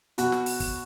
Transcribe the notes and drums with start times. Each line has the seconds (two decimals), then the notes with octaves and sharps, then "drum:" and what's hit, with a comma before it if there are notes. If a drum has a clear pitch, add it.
0.18 B2 F#4, drum: hi-hat
0.32 drum: snare
0.46 drum: open hi-hat
0.60 drum: kick, open hi-hat